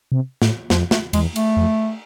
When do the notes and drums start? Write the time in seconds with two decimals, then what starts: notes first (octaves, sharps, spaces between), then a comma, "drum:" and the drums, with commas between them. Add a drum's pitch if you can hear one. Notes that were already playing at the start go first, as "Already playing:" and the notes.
0.12 C3
0.42 A2, drum: snare
0.70 F2 F3, drum: snare
0.91 A3, drum: snare
1.13 E2 G#3, drum: cymbal
1.36 A3, drum: cymbal
1.57 F2